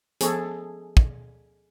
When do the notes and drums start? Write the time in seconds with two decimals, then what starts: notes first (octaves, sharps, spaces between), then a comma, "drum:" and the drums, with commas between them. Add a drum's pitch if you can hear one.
0.21 F3 B3 G#4 A4 C#6, drum: hi-hat
0.97 drum: kick